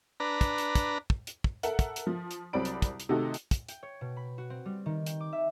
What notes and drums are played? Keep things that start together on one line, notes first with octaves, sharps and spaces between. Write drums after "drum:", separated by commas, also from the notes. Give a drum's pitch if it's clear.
D4 B4 A#5
drum: kick, hi-hat
drum: hi-hat
drum: kick, hi-hat
drum: kick
drum: hi-hat
drum: kick
A4 A#4 E5 F#5, drum: hi-hat
drum: kick, hi-hat
drum: hi-hat
F3
drum: hi-hat
C2 F#3 C4 D5 B5 D7
drum: hi-hat
drum: kick, hi-hat
drum: hi-hat
C3 D#3 A3 D#4 F#4 A4
drum: hi-hat
drum: kick, hi-hat
G5, drum: hi-hat
C#5
B2
B5
F#4
C4
G3
D#3
G5, drum: hi-hat
D6
E5